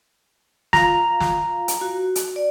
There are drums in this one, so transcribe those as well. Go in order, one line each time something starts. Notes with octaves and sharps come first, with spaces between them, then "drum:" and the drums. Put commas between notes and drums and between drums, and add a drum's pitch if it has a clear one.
F4 F5 A#5, drum: snare
drum: snare
drum: hi-hat
F#4
drum: hi-hat
D5